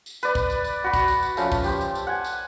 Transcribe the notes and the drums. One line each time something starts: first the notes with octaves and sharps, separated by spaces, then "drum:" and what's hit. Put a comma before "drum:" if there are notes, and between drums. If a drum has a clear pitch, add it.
drum: tambourine
B4 D5, drum: tambourine
drum: kick, tambourine
drum: tambourine
drum: tambourine
F#4 B5
drum: kick, tambourine
drum: tambourine
drum: tambourine
F3 A3 C#4, drum: tambourine
drum: kick, tambourine
G4 C5, drum: tambourine
drum: tambourine
drum: tambourine
F#5 G#5
drum: tambourine